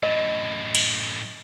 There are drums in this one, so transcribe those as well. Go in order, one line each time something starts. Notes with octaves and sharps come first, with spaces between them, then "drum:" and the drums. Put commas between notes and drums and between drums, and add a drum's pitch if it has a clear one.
F#2 A2 D#5
drum: cymbal